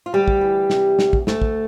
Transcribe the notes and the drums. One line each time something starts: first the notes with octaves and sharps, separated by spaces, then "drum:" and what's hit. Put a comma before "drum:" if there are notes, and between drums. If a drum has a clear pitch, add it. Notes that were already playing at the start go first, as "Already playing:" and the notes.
F4
D2 G3 G4
drum: kick
E3
C3, drum: snare
D2, drum: snare
drum: kick
D2 A3 A4, drum: snare
drum: kick